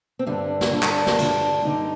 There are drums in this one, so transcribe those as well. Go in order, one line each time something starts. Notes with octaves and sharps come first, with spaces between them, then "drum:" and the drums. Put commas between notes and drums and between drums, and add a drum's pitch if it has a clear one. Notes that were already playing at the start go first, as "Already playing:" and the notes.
C4
G2 D3 G3 D4
drum: snare
G2 D3 G3
drum: clap
drum: snare
G2 D3 G3, drum: cymbal
G2 D3 G3 D#4